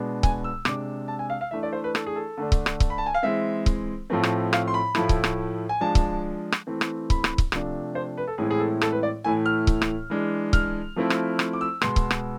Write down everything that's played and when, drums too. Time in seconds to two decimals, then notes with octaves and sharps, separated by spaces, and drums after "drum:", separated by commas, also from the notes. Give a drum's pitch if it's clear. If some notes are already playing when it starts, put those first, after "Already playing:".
Already playing: B2 G#3 B3 D4
0.23 G#5, drum: kick C#1
0.44 E6
0.65 C3 G#3 D4 D6, drum: rim click
1.08 A5
1.19 G#5
1.30 F5
1.41 F5
1.51 E3 A3 D4 E5
1.63 D5
1.73 C5
1.84 B4
1.95 A4, drum: rim click
2.06 G#4
2.16 A4
2.38 D3 A3 D4
2.52 drum: kick C#1
2.66 drum: rim click
2.80 drum: kick C#1
2.90 B5
2.98 A5
3.06 G#5
3.14 F5
3.23 E3 G#3 C4 E5
3.66 drum: kick C#1
4.10 A2 F3 A3 C4
4.23 drum: rim click
4.53 F5, drum: rim click
4.68 C6
4.74 B5
4.95 A2 F3 A3 E4, drum: rim click
5.09 drum: kick C#1
5.24 drum: rim click
5.69 G#5
5.81 F3 G#3 D4 A5
5.95 drum: kick C#1
6.52 drum: rim click
6.67 E3 A3 C4
6.81 drum: rim click
7.10 B5, drum: kick C#1
7.24 drum: rim click
7.38 drum: kick C#1
7.52 C3 F3 A3 D4, drum: rim click
7.95 C5
8.18 B4
8.27 A4
8.38 A2 E3 G#3 C4 E4 G#4
8.51 G#4
8.59 A4
8.81 A4, drum: rim click
8.92 B4
9.03 D5
9.24 A2 E3 A3 E4 G#5
9.46 F6
9.67 drum: kick C#1
9.82 drum: rim click
10.10 E3 G#3 D4
10.53 F6, drum: kick C#1
10.96 F3 A3 C4 E4
11.10 drum: rim click
11.39 drum: rim click
11.53 D6
11.61 E6
11.81 B2 G#3 B3 C6, drum: rim click
11.96 drum: kick C#1
12.10 drum: rim click